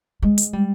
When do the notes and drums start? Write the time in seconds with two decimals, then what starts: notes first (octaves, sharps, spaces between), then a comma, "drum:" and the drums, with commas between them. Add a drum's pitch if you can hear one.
0.22 G#3
0.38 drum: hi-hat
0.53 G3